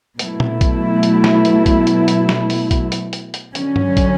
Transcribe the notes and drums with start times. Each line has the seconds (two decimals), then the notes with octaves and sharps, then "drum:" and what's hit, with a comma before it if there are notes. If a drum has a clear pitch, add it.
0.19 B2 F#3 A3 E4, drum: hi-hat
0.40 drum: tom A#2
0.61 drum: kick, hi-hat
1.03 drum: hi-hat
1.24 drum: snare
1.45 drum: hi-hat
1.66 drum: kick, hi-hat
1.87 drum: hi-hat
2.08 drum: hi-hat
2.29 drum: snare
2.50 drum: open hi-hat
2.71 drum: kick, hi-hat
2.92 drum: hi-hat
3.13 drum: hi-hat
3.34 drum: hi-hat
3.55 D3 F#3 C#4, drum: hi-hat
3.76 drum: tom G2
3.97 drum: kick, hi-hat